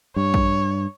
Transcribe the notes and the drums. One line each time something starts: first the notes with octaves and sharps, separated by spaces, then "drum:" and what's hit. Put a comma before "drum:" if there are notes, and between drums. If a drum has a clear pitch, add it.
G2 C#5
drum: kick A#1